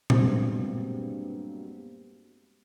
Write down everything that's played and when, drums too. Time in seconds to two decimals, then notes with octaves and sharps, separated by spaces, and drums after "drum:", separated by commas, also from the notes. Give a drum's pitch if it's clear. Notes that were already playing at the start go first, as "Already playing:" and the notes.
0.10 G2 B2 F#3 G#3 A#3 C4, drum: tom A#2